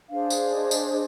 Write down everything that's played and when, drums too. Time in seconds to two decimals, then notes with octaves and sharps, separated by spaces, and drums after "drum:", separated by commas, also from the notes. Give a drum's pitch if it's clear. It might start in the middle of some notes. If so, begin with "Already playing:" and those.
0.10 D4 G#4 C5 F5
0.30 drum: tambourine
0.46 D5
0.51 D#5
0.71 drum: tambourine
0.91 D#5